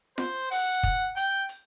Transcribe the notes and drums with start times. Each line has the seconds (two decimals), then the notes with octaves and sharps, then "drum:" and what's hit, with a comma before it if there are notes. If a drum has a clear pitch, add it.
0.18 C5, drum: snare F4
0.51 F#5, drum: open hi-hat
0.83 drum: kick, hi-hat
1.17 G5, drum: hi-hat
1.49 drum: hi-hat